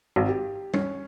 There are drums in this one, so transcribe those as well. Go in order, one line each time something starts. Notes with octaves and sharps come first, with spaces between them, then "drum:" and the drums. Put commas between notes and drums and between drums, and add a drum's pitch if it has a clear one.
G#1
G4
C#4, drum: tom G3